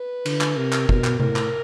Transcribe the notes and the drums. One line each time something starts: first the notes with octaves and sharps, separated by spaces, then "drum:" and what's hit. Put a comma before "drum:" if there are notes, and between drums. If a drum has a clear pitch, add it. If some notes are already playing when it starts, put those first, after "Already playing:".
Already playing: B4
D3, drum: cymbal
drum: clap
C3 A#4
drum: clap
B2, drum: kick
drum: clap
A2 A#4, drum: tom C3
drum: clap